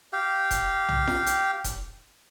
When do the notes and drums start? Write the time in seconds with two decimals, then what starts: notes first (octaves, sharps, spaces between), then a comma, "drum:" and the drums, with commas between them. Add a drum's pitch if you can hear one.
0.13 G4 F5 G5
0.51 drum: kick E1, hi-hat
0.88 drum: tom B1
1.07 drum: snare F4
1.26 drum: hi-hat
1.64 drum: kick E1, hi-hat